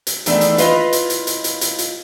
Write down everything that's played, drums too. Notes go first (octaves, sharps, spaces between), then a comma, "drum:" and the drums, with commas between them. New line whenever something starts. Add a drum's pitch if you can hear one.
drum: hi-hat
E2 D#3 E3 A3 D4, drum: hi-hat
drum: hi-hat
E4 F4 B4 D#5 F5, drum: hi-hat
drum: hi-hat
drum: hi-hat
drum: hi-hat
drum: hi-hat
drum: hi-hat
drum: hi-hat